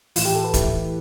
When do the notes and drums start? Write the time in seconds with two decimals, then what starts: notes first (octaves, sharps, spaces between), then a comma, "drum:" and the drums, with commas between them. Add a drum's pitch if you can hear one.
0.16 A2 E3 F4, drum: open hi-hat
0.25 G4
0.35 A4
0.44 B4
0.54 A2 E3 E4, drum: kick, hi-hat